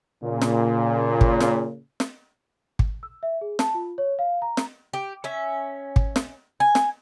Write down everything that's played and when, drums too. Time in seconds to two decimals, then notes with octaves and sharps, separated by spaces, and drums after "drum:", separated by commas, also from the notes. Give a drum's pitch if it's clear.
0.23 A#2 C#3
0.42 drum: snare
1.21 drum: kick
1.41 drum: snare
2.00 drum: snare
2.79 drum: kick
3.03 E6
3.23 E5
3.41 G#4
3.59 A5, drum: snare
3.74 F4
3.98 C#5
4.19 F5
4.42 A#5
4.57 drum: snare
4.93 G4
5.24 C#4 E5
5.96 drum: kick
6.16 drum: snare
6.60 G#5
6.75 drum: snare